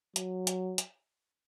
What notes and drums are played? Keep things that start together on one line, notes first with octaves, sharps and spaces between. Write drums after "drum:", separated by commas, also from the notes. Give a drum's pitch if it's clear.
F#3, drum: hi-hat
drum: hi-hat
drum: hi-hat